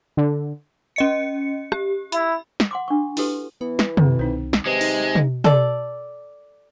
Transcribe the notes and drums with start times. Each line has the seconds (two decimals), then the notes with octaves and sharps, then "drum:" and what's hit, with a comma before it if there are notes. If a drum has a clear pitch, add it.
0.17 D3
0.96 C#4 D#5 C#7
1.72 G4, drum: rim click
2.12 E4 B5, drum: hi-hat
2.60 drum: snare
2.71 F#5 C6 D6
2.88 D4 C#6
3.17 E4 F#4 G4 A4 B4, drum: open hi-hat
3.61 E3 B3
3.79 drum: snare
3.97 F#2 D#3 C4, drum: tom
4.19 C2 C4 D#4 C5
4.53 drum: snare
4.66 C3 G#3 B4
4.81 D#4, drum: open hi-hat
5.15 drum: tom
5.44 A4 D5, drum: tom